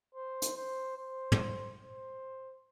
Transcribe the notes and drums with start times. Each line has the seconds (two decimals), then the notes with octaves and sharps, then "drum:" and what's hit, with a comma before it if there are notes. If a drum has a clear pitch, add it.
0.14 C5
0.42 drum: hi-hat
0.56 C5
0.97 C5
1.32 drum: tom
1.81 C5